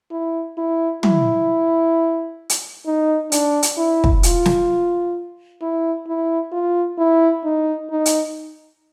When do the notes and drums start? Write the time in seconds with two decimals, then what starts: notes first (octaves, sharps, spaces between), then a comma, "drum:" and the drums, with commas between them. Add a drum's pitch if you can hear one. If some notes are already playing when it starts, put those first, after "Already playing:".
0.11 E4
0.58 E4
1.03 E4, drum: tom
2.50 drum: hi-hat
2.86 D#4
3.32 D4, drum: hi-hat
3.63 drum: hi-hat
3.77 E4
4.04 drum: kick
4.23 F4, drum: hi-hat
4.46 drum: snare
5.62 E4
6.08 E4
6.52 F4
6.98 E4
7.45 D#4
7.91 D#4
8.06 drum: hi-hat